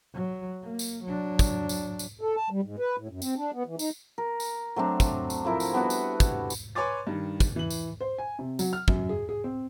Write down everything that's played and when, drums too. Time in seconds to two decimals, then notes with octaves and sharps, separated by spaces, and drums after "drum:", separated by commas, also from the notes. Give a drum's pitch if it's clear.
0.14 F#3
0.63 A#3
0.79 drum: tambourine
1.04 F#3 D4
1.39 drum: kick, tambourine
1.69 drum: tambourine
1.99 drum: tambourine
2.21 A4
2.36 A5
2.50 G3
2.63 G#2
2.79 B4
2.98 A2
3.09 F#2
3.22 C4, drum: tambourine
3.37 D4
3.54 B3
3.66 E3
3.79 D#4, drum: tambourine
4.18 A#4
4.40 drum: tambourine
4.76 F#3 A3 C4 D4
5.00 drum: kick, tambourine
5.30 drum: tambourine
5.44 F3 A3 E4 A#4
5.60 drum: tambourine
5.73 G3 B3 D4 F#4
5.90 drum: tambourine
6.20 drum: kick, tambourine
6.50 drum: tambourine
6.75 B4 C#5 G#5 C6 D6 A6
7.07 G2 D#3
7.40 drum: kick, tambourine
7.56 E3 F#7
7.70 drum: tambourine
8.01 C5
8.18 G#5
8.39 C3
8.59 F#3, drum: tambourine
8.73 F6
8.88 F#2, drum: kick
9.09 G#4
9.29 G#4
9.44 C4